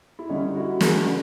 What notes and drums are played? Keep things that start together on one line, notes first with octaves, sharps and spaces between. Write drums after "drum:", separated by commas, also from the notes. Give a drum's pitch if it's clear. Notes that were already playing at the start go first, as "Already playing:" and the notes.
E4
D3 G3 C#4 D#4
E4 F#4
G#4 A#4, drum: snare
D3